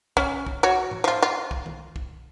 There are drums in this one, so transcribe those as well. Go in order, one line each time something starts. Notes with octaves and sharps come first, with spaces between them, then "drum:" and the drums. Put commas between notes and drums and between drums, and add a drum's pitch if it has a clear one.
C#4, drum: kick
drum: kick
F#4 C#5
drum: tom G#2
F3 F4
F4
drum: kick
drum: tom D#3
drum: kick